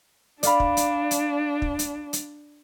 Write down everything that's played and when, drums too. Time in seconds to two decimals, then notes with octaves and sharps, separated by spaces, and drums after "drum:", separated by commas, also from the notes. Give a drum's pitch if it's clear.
0.43 D4 D5 F5 B5, drum: hi-hat
0.60 drum: kick
0.77 drum: hi-hat
1.11 drum: hi-hat
1.62 drum: kick
1.79 drum: hi-hat
2.13 drum: hi-hat